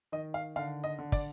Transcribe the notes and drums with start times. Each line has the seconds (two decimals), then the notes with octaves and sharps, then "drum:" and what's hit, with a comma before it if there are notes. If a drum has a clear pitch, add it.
0.12 D#3 D#5
0.34 F5
0.56 D3 F5
0.84 D#5
0.98 D3
1.12 D5, drum: kick